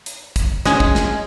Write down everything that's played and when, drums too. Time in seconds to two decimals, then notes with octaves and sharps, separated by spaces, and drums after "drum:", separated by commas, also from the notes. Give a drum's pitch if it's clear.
0.06 drum: hi-hat
0.36 drum: kick, hi-hat
0.65 G#3 C#4, drum: snare
0.80 drum: kick
0.95 drum: snare